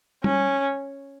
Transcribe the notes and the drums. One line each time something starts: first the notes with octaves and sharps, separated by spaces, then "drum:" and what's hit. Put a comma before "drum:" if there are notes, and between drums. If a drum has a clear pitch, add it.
C#4, drum: tom